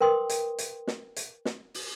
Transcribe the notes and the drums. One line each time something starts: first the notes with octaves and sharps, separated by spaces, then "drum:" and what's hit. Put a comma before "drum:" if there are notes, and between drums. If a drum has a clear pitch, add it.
A#4 B4 G5 C6 D6 D#6
drum: hi-hat
drum: hi-hat
drum: snare
drum: hi-hat
drum: snare
drum: open hi-hat